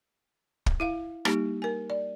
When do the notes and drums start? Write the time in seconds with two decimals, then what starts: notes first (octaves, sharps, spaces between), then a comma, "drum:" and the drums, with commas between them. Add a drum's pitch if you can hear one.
0.66 drum: kick
0.80 E4 E5 F5
1.25 G3 A#3 D#4 G4, drum: rim click
1.62 A#4 G#5
1.90 D5